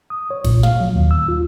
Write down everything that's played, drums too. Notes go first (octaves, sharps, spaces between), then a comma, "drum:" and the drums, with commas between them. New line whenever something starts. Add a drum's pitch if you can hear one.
D#6
C#5
A#2, drum: kick, cymbal
F5, drum: snare
F#3
D#2
E6
F4